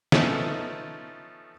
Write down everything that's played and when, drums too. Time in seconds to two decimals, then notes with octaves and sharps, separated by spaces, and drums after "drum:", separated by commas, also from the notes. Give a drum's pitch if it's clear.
0.12 F3 A3 B3 C#4 D#4, drum: snare